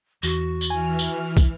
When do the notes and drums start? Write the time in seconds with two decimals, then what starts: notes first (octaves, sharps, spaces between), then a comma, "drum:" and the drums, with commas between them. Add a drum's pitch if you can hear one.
0.23 E2 F#4, drum: tambourine
0.61 drum: tambourine
0.70 E3 G#5 F6
0.99 drum: tambourine
1.37 drum: kick, tambourine